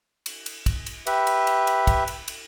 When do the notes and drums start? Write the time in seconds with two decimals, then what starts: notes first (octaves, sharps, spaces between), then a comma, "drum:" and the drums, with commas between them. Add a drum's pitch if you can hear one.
0.26 drum: cymbal
0.46 drum: cymbal
0.66 drum: kick, cymbal
0.86 drum: cymbal
1.07 G4 B4 E5, drum: cymbal
1.27 drum: cymbal
1.47 drum: cymbal
1.67 drum: cymbal
1.87 drum: kick, cymbal
2.08 drum: cymbal
2.28 drum: cymbal